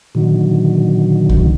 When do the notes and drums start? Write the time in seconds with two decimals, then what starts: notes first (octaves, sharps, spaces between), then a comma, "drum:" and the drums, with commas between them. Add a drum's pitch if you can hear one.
0.15 A#2 D3 D#3 F#3
1.29 drum: kick C2